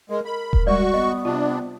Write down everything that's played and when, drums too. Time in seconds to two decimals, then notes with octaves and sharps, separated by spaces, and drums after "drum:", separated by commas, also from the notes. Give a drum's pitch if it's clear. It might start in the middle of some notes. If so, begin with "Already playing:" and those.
0.10 G#3 A#4
0.25 A#4 B5
0.53 drum: kick D#1
0.67 G3 G#3 F#4 D5 C#6
0.94 B3 D#5
1.25 C3 D4 F4